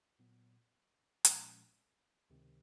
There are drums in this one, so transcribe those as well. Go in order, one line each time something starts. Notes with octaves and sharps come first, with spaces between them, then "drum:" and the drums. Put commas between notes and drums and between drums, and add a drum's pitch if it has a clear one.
A#2 F#3 B3
A#2 F3 G#3 C#4, drum: hi-hat
C#2 C3 D#3